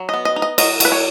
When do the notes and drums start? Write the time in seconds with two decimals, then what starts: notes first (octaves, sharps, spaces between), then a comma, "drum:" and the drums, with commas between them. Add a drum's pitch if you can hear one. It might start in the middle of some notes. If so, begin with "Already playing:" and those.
Already playing: F#3
0.09 B3 D#5
0.25 D#5
0.36 D#4
0.42 D#5
0.58 F#3 D#5, drum: cymbal
0.80 F#3 B4, drum: cymbal
0.92 C#5